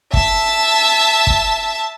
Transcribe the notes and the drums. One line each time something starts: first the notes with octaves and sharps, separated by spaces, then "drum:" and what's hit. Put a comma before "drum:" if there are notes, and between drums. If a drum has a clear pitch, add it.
E5 A5, drum: kick
drum: kick